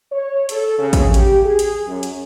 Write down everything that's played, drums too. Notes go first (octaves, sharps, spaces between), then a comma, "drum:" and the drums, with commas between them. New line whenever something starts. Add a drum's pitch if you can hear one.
C#5
A4, drum: hi-hat
C#3
drum: kick, hi-hat
G4, drum: hi-hat
G#4
drum: hi-hat
F#2
drum: hi-hat